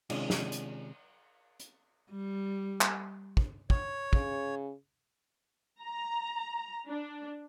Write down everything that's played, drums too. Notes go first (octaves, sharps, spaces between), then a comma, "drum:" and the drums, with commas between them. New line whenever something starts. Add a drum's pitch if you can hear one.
C3 D#3 G#3 C#4 D4 F4, drum: cymbal
drum: snare
drum: hi-hat
drum: hi-hat
G3
drum: clap
drum: kick
C#5, drum: kick
C#3, drum: kick
A#5
D4